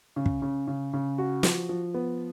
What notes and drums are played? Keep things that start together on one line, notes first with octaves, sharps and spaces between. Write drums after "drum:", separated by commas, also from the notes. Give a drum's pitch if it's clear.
C#3
drum: kick
C#3
C#3
C#3
F#4
F3, drum: snare
F3
B3